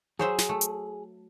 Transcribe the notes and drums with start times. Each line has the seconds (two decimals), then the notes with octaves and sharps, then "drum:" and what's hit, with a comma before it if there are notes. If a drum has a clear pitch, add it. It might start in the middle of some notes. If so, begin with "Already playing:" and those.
0.19 F#3 G#4 C5 E5
0.38 drum: snare
0.49 A3
0.61 drum: hi-hat